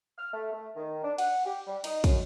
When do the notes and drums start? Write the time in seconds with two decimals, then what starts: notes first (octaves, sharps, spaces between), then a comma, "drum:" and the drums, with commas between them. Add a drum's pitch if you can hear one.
0.18 F6
0.33 A3
0.52 A3
0.76 D#3
1.04 D4
1.18 F#5, drum: cymbal
1.45 G4
1.67 G3
1.84 D#4, drum: cymbal
2.04 F#2, drum: kick, cymbal